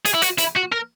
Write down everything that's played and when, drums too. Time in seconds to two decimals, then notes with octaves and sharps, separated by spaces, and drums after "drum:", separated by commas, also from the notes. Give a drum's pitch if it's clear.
0.05 G#4, drum: hi-hat
0.14 E4
0.22 F#4, drum: hi-hat
0.38 E4, drum: hi-hat
0.56 F#4
0.72 A#4